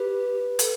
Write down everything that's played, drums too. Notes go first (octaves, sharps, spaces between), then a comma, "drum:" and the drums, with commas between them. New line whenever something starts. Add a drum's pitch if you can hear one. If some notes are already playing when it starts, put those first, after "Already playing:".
Already playing: G4 B4
A4, drum: hi-hat